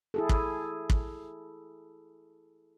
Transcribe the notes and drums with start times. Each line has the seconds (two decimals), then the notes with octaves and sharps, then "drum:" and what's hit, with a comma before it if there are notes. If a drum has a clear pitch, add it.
0.14 E4 G#4 A4
0.29 drum: kick
0.90 drum: kick